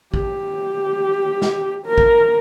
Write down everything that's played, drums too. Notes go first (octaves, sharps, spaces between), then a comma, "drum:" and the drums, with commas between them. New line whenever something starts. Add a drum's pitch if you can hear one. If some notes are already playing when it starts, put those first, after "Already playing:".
G4, drum: kick A1
drum: snare
A#4
drum: kick A1